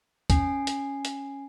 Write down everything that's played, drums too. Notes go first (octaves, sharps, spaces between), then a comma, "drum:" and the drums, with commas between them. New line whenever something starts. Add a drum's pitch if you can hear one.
C#4 G#5 C7, drum: kick C#2, hi-hat
drum: hi-hat
drum: hi-hat